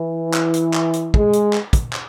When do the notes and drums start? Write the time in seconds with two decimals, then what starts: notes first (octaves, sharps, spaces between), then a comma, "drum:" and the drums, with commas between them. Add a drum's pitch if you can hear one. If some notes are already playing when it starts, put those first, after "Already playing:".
Already playing: E3
0.34 drum: clap
0.54 drum: hi-hat
0.74 drum: clap
0.93 drum: hi-hat
1.14 G#3, drum: kick
1.33 drum: hi-hat
1.53 drum: clap
1.73 drum: kick, hi-hat
1.93 drum: clap